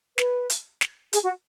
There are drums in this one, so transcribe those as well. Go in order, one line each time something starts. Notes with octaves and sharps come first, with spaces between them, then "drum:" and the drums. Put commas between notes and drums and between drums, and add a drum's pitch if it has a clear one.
B4, drum: snare
drum: hi-hat
drum: snare
G#4, drum: hi-hat
F#4